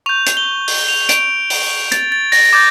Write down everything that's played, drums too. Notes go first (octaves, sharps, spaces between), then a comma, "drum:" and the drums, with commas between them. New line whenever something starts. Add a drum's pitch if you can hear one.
C#6 G6 F7
drum: hi-hat
G7
drum: open hi-hat
F7
D7, drum: hi-hat
drum: open hi-hat
A6, drum: hi-hat
A6
A#6, drum: open hi-hat
D6 G6 A6